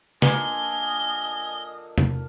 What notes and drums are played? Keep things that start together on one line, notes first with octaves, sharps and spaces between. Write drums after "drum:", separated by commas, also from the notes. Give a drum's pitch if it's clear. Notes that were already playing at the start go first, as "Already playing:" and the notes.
D3 F3 A#3 D#5 G#5 G7, drum: snare
drum: tom